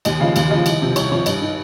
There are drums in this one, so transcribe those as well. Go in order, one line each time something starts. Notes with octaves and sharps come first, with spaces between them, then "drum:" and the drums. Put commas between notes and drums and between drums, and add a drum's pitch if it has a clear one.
D#2 D#5, drum: cymbal
C#3 F3 F5
D#2 F5, drum: cymbal
C#3 F3 D#5
C2, drum: cymbal
C3 F3
C2 C#5, drum: cymbal
C3 F3 C#5
G2 D#5, drum: cymbal
D#3